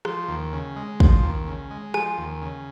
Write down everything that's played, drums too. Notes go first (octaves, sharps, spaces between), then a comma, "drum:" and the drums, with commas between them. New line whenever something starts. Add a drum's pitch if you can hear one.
F3 C6, drum: rim click
D#2
C#3
G#3
F3, drum: kick
D#2
C#3
G#3
F3 G#5, drum: rim click
D#2
C#3